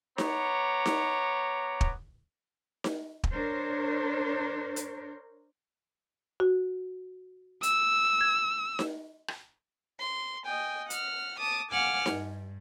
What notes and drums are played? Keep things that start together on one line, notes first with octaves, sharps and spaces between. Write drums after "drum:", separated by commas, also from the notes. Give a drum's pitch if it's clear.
B3 C#5 A#5 D6, drum: snare D#4
drum: snare D#4
drum: kick
drum: snare D#4
drum: kick
D4 A#4 C5 C#5
drum: hi-hat
F#4
E6, drum: hi-hat
G#6
drum: snare D#4
drum: rim click
C6
D#5 G5 G#5
F#5 F6, drum: hi-hat
A5 D6 D#6
F5 F#5 G#5 D6 F6
G2, drum: snare D#4